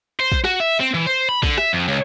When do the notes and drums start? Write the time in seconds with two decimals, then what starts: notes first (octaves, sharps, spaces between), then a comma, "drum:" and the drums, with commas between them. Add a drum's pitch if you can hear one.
0.20 C5
0.32 drum: kick
0.44 F#4, drum: rim click
0.60 E5
0.80 C4
0.94 E3
1.06 C5
1.29 B5
1.43 D3, drum: kick
1.58 E5, drum: rim click
1.73 F2
1.88 C#2